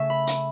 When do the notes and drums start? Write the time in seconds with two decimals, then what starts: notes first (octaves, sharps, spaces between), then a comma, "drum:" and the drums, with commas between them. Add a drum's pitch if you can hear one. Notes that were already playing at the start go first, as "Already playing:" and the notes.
Already playing: C#3 A3 C#4 E5
0.10 B5
0.27 drum: hi-hat